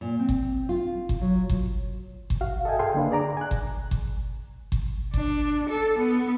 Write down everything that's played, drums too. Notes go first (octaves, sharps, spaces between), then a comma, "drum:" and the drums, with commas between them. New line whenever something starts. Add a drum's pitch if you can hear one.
A#2
C4
drum: kick G1
F4
drum: kick G1
F#3
drum: kick G1
drum: kick G1
F#4 F5
A4 D#5 E5 G5 G#5
G#4 A4 F5 G5 G#5 C6
D3 A#3 D4 B4
G#4 D5 A#5 D6
G#5 F#6
drum: kick G1
drum: kick G1
drum: kick G1
D4, drum: kick G1
A4
B3